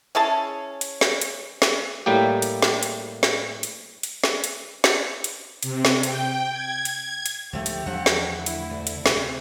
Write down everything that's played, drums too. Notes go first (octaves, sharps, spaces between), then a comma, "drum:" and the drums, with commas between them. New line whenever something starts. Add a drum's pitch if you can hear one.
C#4 E4 G#4 A5
drum: hi-hat
drum: snare
drum: hi-hat
drum: snare
A2 G3 A#3 G4
drum: hi-hat
drum: snare
drum: hi-hat
drum: snare
drum: hi-hat
drum: hi-hat
drum: snare
drum: hi-hat
drum: snare
drum: hi-hat
C3, drum: hi-hat
drum: snare
G5, drum: hi-hat
G#6
drum: hi-hat
drum: hi-hat
D2 D3 D#3 F3 A3 G4
drum: hi-hat
E2 F3 D4 F#5
drum: snare
D3 A3 E4
drum: hi-hat
D2
drum: hi-hat
D2 C3 C5, drum: snare